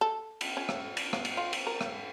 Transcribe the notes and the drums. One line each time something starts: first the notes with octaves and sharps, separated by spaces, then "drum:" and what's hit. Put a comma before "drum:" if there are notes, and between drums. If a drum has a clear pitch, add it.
A4
drum: cymbal
C#4
drum: rim click
drum: cymbal
B3, drum: rim click
drum: cymbal
F4
drum: cymbal
A#4
drum: rim click